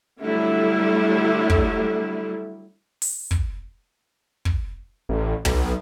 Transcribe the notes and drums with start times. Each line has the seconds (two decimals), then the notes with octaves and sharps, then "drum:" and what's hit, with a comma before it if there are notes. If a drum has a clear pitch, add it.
0.20 D3 F#3 G3 A3 E4
1.50 drum: kick
3.02 drum: open hi-hat
3.31 drum: kick
4.45 drum: kick
5.09 A1
5.45 B1, drum: tom